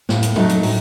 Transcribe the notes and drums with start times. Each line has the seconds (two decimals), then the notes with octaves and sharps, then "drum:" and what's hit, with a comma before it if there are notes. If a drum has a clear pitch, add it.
0.09 A2, drum: snare
0.23 drum: hi-hat
0.36 F#3 A3 D#4, drum: tom A2
0.49 drum: hi-hat
0.63 A2, drum: open hi-hat